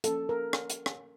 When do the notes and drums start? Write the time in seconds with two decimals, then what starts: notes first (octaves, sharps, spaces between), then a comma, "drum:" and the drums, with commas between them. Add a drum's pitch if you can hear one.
0.04 F3 A#3 C#4 A4, drum: hi-hat
0.29 A#4
0.53 drum: rim click
0.70 drum: hi-hat
0.86 drum: rim click